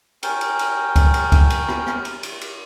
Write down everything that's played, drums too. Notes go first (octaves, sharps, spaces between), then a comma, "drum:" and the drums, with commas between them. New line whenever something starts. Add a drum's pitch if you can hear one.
C#4 A#4 G5, drum: cymbal
drum: cymbal
drum: cymbal
drum: kick C#2, cymbal
drum: cymbal
drum: kick C#2, cymbal
drum: cymbal
drum: rim click
drum: rim click
drum: cymbal
drum: cymbal
drum: cymbal